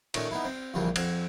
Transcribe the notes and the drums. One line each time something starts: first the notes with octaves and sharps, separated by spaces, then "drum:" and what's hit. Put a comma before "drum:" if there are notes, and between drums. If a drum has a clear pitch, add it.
A#2 D#3 A3 C#4, drum: cymbal
B3 D#4 E4
C4
A#1 G2 A#2 D3 E3 G3
F2 F#5 G#5, drum: cymbal